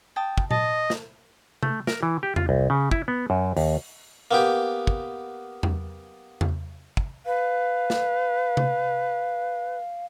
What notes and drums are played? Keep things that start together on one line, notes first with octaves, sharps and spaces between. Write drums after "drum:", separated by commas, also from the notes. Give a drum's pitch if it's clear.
G5 A5 D#6
drum: kick
D#5 A5, drum: tom A#2
drum: snare
A3, drum: tom C3
A#4, drum: snare
E3
G4
F4, drum: tom E2
C2
C#3
E4, drum: kick
B3
F#2
D#2, drum: open hi-hat
A#3 B3 G4
drum: kick
drum: tom E2
drum: tom E2
drum: kick
B4 F5
drum: snare
drum: tom C3